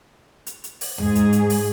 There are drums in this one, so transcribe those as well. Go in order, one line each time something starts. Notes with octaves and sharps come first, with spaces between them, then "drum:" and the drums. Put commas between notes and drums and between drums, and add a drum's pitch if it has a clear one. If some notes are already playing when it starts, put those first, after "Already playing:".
drum: hi-hat
drum: hi-hat
drum: open hi-hat
G#2 G#4, drum: tom D#2
drum: hi-hat
drum: hi-hat
drum: open hi-hat